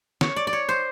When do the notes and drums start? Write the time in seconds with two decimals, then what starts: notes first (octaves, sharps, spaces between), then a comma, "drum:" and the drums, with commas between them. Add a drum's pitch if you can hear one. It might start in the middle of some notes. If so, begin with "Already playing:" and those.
0.21 C#5, drum: snare
0.36 D5
0.47 D5
0.53 C#5
0.69 C5